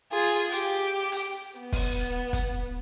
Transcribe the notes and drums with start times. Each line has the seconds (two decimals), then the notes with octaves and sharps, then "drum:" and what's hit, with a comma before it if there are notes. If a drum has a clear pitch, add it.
0.12 F4 G#4
0.52 G4, drum: hi-hat
1.12 drum: hi-hat
1.59 B3
1.72 drum: kick, open hi-hat
2.33 drum: kick, hi-hat